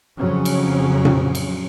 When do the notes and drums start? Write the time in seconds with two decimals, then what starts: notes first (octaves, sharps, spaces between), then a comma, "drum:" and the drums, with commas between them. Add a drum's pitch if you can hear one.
0.16 F2 C#3 F#3 C#4
0.45 drum: cymbal
1.05 drum: tom A#2
1.35 drum: cymbal